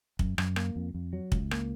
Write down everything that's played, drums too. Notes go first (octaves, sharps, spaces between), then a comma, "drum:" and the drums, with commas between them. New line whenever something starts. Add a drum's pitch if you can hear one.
F#2, drum: kick
F#2, drum: rim click
A#3, drum: rim click
F2
F2
F#3
C#2, drum: kick
A#3, drum: rim click